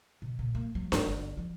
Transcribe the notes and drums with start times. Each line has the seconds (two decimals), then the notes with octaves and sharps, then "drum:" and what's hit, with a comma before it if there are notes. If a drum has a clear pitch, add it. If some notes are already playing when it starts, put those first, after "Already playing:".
0.22 B2
0.39 A#2
0.55 A#3
0.75 F#3
0.92 G2, drum: snare D4
1.07 G1
1.37 F3